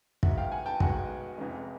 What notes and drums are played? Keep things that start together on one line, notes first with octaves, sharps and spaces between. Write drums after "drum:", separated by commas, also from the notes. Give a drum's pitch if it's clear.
B1 B2 G#3 E5 F#5, drum: kick
F5 G5
F#5 G#5
G5 A5
B1 B2 G#3 F#5 G#5, drum: kick
F1 F2 C#3 E3 G#3